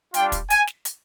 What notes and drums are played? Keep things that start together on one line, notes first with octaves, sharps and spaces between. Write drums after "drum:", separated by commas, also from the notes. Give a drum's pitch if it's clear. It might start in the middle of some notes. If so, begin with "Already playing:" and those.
G3 D4 F4 G5, drum: hi-hat
drum: kick, hi-hat
G#5, drum: hi-hat
drum: snare
drum: hi-hat